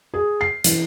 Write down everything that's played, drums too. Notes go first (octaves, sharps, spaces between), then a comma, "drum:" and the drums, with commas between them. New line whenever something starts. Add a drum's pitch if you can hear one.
G#4
C7
E3, drum: hi-hat